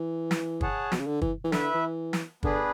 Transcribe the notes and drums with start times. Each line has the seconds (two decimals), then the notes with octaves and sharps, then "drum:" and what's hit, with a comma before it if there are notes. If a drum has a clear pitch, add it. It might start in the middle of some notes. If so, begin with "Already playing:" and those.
Already playing: E3
0.31 drum: snare
0.61 G#4 C#5 F#5 A5, drum: kick
0.92 B2, drum: snare
0.99 C#3
1.07 D3
1.21 E3, drum: kick
1.44 E3
1.52 D3 E4 B4 E5, drum: snare
1.74 E3
2.13 drum: snare
2.43 D3 B3 D4 G#4 B4, drum: kick